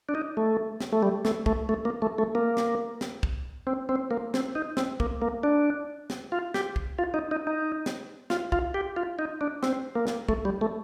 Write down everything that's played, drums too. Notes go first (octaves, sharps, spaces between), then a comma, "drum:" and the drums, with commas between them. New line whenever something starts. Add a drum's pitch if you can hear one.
D4
D#4
A3
drum: snare
A3
G3
A3, drum: snare
A3, drum: kick
A3
A#3
A3
A3
A#3
drum: snare
drum: snare
drum: kick
C4
C4
A#3
C4, drum: snare
D#4
C4, drum: snare
A#3, drum: kick
A#3
D4
drum: snare
F4
G4, drum: snare
drum: kick
F4
D#4
D#4
D#4
drum: snare
F4, drum: snare
F4, drum: kick
G4
F4
D#4
D4
C4, drum: snare
A#3
drum: snare
A3, drum: kick
G3
A3